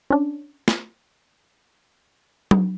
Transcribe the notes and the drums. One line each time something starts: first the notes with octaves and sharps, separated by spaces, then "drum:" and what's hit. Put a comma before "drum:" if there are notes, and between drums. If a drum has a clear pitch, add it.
C#4 D4
drum: snare
drum: tom F#3